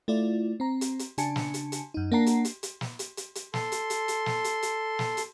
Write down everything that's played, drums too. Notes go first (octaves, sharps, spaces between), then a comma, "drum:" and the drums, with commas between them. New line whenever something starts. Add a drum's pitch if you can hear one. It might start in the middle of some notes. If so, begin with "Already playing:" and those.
A3 E4 F4 D5
C4 A#5
drum: hi-hat
drum: hi-hat
C#3 D4 G#5 A5 C#7, drum: hi-hat
drum: snare
drum: hi-hat
drum: hi-hat
F#2 D#4
A#3 D4 F#5 A5 A#5 C7
drum: hi-hat
drum: hi-hat
drum: hi-hat
drum: snare
drum: hi-hat
drum: hi-hat
drum: hi-hat
A4 C6, drum: snare
drum: hi-hat
drum: hi-hat
drum: hi-hat
drum: snare
drum: hi-hat
drum: hi-hat
drum: snare
drum: hi-hat